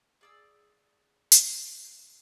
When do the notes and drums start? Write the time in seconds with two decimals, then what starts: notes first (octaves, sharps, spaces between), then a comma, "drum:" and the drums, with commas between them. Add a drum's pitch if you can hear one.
0.21 G#4 D5 E6
1.32 drum: hi-hat